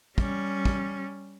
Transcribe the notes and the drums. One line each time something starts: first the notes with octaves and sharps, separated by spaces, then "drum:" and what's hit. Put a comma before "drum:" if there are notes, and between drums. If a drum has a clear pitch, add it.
G3 C#4, drum: kick
drum: kick